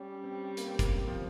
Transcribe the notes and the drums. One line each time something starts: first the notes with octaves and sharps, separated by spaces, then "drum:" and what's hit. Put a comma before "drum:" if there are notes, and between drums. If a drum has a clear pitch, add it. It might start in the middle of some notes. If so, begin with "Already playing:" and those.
Already playing: G3 C#4
C4
A#3, drum: hi-hat
C4
A#3, drum: kick, hi-hat
F3